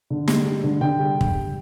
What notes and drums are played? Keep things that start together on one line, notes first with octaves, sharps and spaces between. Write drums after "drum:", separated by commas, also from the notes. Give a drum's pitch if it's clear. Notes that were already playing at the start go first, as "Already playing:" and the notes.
D3
G3, drum: snare
G3
D3
D3 G5
G3
drum: kick